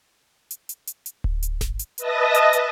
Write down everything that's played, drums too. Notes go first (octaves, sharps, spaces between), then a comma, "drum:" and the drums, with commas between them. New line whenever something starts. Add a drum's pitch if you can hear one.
drum: hi-hat
drum: hi-hat
drum: hi-hat
drum: hi-hat
drum: kick D1
drum: hi-hat
drum: snare G#1
drum: hi-hat
B4 D#5 E5 A5 D#6 A#6, drum: hi-hat
drum: hi-hat
drum: hi-hat